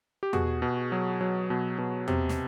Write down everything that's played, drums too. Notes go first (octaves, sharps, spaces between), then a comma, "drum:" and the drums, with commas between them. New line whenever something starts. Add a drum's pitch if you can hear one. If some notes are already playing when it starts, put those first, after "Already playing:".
G4
B2 F#4 G#4, drum: tom E2
B2
F#3
F#3
B2
B2
C3, drum: tom E2
drum: snare